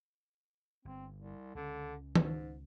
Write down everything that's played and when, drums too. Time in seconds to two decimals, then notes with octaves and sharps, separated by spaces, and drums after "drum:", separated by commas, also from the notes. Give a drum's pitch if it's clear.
0.85 G1 C4
1.17 C2
1.55 C#2 D3 G#3 C#4
2.16 G#2, drum: tom D#3